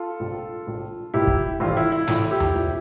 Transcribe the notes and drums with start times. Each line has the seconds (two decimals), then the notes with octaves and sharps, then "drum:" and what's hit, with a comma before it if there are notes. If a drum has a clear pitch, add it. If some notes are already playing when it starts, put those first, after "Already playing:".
Already playing: F4 A4
0.20 A#1 A#2
0.67 A#1 A#2
1.14 A#1 A#2 E4 G4
1.27 drum: kick
1.60 A#1 A2 E3 F4
1.77 E4
1.92 E4
2.07 A#1 A2 E3, drum: snare
2.31 E4 G4
2.40 drum: tom E2
2.54 A#1 A#2